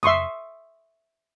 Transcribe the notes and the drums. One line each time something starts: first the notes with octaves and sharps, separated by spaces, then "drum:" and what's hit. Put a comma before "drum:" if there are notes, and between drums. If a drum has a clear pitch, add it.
E5 C6 C#6 D#6, drum: tom F2